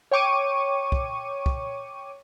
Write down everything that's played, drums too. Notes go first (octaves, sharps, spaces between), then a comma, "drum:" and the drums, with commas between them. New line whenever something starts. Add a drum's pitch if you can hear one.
C#5 G5 C#6 D6 D#7
drum: kick
drum: kick